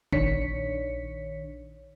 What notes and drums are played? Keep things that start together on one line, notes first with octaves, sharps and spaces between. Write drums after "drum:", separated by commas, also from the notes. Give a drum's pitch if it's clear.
A#1 D#3 D4 C#5 B6 C#7, drum: kick F#1